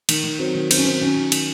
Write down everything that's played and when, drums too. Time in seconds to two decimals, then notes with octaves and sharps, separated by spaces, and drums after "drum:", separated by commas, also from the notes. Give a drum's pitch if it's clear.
0.09 D#3, drum: cymbal
0.24 D#3
0.39 F#3 C4
0.55 D#3
0.71 F#3 C4, drum: cymbal
0.78 C#4
0.85 D#3 C4
1.01 D#3 C#4
1.16 D#3
1.32 D#3, drum: cymbal